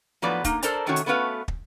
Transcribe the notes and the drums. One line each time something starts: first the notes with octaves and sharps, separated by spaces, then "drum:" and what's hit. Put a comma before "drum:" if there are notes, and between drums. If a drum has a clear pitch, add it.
A2 F3 F#3 B3 B4 D5
A#3 D#4, drum: kick, hi-hat
A4 A#4 C5 D5 A5 A#5, drum: hi-hat
C3 D#3 A3 C#4 F#4 C#5
drum: hi-hat
A3 B3 C#4 F#4 B4 F5
drum: kick